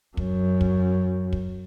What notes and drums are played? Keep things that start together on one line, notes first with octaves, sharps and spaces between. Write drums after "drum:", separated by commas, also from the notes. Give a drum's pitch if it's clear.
F#2, drum: kick
drum: kick
drum: kick